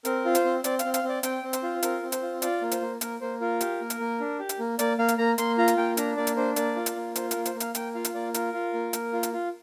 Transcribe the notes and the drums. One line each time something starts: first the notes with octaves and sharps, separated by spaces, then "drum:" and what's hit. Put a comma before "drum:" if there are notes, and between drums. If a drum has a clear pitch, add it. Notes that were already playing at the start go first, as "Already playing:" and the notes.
C4 A#4, drum: hi-hat
F4
C5, drum: hi-hat
C4
C4 D5, drum: hi-hat
F5, drum: hi-hat
C4
F5, drum: hi-hat
C4 D5
C4 G5, drum: hi-hat
C4
C5, drum: hi-hat
F4
C4 A#4, drum: hi-hat
C4
C5, drum: hi-hat
F4
F4 D5, drum: hi-hat
A#3
C5, drum: hi-hat
A#3
A#3 A#4, drum: hi-hat
A#3 C5
F4 A#4
G4, drum: hi-hat
A#3
drum: hi-hat
A#3
D4
G4
drum: hi-hat
A#3
A#3 D5, drum: hi-hat
A#3 F5
drum: hi-hat
A#3 A#5
A#3 C6, drum: hi-hat
F4 A#5
drum: hi-hat
A#3 G5
D4 A#5, drum: hi-hat
A#3 D5
drum: hi-hat
D4 C5
A#3 D5, drum: hi-hat
F4
drum: hi-hat
A#3
F4 C5, drum: hi-hat
A#3 A#4, drum: hi-hat
C5, drum: hi-hat
A#3
F5, drum: hi-hat
A#3 G5, drum: hi-hat
F4 F5
drum: hi-hat
A#3 D5
F4 A#4, drum: hi-hat
F4
A#3
A#3, drum: hi-hat
F4
drum: hi-hat
F4